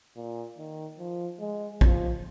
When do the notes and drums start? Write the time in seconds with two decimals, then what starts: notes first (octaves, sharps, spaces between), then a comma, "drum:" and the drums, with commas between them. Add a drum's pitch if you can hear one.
0.16 A#2
0.58 D#3
0.98 F3
1.40 G#3
1.81 F3, drum: kick A#1